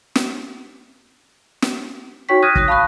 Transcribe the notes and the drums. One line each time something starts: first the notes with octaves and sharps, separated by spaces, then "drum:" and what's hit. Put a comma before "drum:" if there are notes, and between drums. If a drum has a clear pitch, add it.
drum: snare
drum: snare
D#4 F#4 C#5 G5 C#6 B6
D#6 F6 F#6 G#6 A#6 D#7
D#6 F#6 A#6, drum: kick
F5 A5 B5 C#6 D#6 F#6